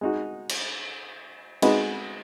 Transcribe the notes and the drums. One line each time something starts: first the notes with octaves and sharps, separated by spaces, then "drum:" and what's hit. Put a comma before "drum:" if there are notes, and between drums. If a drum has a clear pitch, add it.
G#3 D#4 F#4
drum: cymbal
G#3 D#4 F#4 B4 D#5, drum: cymbal